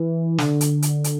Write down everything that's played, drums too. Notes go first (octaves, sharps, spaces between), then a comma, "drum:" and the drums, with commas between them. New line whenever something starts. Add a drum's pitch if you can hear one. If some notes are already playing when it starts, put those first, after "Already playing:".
Already playing: E3
D3, drum: snare
drum: hi-hat
drum: hi-hat
drum: hi-hat